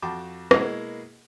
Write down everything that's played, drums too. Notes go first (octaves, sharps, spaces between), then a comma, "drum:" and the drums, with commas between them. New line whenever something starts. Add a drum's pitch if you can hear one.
F2 F#4 G5 A5 C6 D6
B2 G#3 A#3 E4 F#4 G#4, drum: rim click